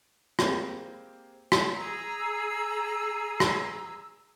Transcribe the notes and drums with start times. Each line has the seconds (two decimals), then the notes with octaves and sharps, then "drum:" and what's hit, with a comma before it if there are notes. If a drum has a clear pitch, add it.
0.39 G#3 A#3 C4 G4, drum: rim click
1.52 drum: rim click
1.74 G#4 A#5 E6
3.40 drum: rim click